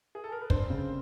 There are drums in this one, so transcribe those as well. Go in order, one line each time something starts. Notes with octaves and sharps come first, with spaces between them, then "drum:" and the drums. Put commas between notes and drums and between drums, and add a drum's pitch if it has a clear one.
G#4
A4
A#4
B4
C4 D4 C5, drum: kick
C#3